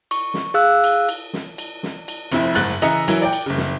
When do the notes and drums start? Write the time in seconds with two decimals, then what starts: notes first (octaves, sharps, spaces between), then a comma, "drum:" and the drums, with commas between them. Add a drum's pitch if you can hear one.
0.11 C#6, drum: cymbal
0.34 drum: snare
0.54 G#4 F5 E6 F#6
0.84 drum: cymbal
1.09 drum: cymbal
1.33 drum: snare
1.58 drum: cymbal
1.83 drum: snare
2.08 drum: cymbal
2.32 F1 F2 E4, drum: cymbal
2.55 F#1 G#2 F#6 A6, drum: cymbal
2.82 C#3 E3 D#5 E5 A#5 C#7, drum: cymbal
3.08 E3 F#3 E4 A#4, drum: cymbal
3.22 D5 G5
3.33 drum: cymbal
3.46 F#1 C#3
3.57 drum: snare